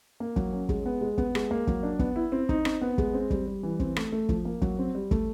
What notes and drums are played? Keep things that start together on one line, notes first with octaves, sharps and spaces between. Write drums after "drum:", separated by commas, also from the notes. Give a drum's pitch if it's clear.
A#3
F#3, drum: kick
C#4
G#3, drum: kick
B3
G#3
B3, drum: kick
G#3, drum: rim click
A#3
F#3, drum: kick
D4
B3, drum: kick
E4
C4
D#4, drum: kick
C4, drum: rim click
B3
G#3, drum: kick
C4
G3, drum: kick
G3
E3
C4, drum: kick
A3, drum: rim click
A3
F3, drum: kick
A#3
F#3, drum: kick
C4
G3
A3, drum: kick